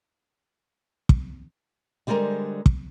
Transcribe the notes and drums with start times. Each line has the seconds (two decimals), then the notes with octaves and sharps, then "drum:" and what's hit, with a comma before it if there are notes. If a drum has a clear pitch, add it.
1.09 drum: kick
2.07 D3 G3 G#3 G#4 A#4 C5
2.66 drum: kick